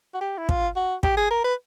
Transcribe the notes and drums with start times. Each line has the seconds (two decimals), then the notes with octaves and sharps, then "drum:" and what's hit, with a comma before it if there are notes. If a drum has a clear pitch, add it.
0.14 F#4
0.21 G4
0.38 E4
0.49 F4, drum: kick
0.76 F#4
1.03 G4, drum: kick
1.17 G#4
1.30 A#4
1.44 B4